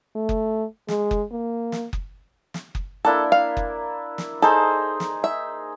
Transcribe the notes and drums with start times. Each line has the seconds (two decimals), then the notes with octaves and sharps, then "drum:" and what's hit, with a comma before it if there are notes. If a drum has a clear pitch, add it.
0.15 A3
0.29 drum: kick F#1
0.88 G#3, drum: snare
1.11 drum: kick F#1
1.31 A#3
1.72 drum: snare
1.93 drum: kick F#1
2.54 drum: snare
2.75 drum: kick F#1
3.05 A#3 D4 E4 A4
3.32 F5
3.57 drum: kick F#1
4.18 drum: snare
4.42 D#4 G#4 A4 C5
5.00 drum: snare
5.24 E5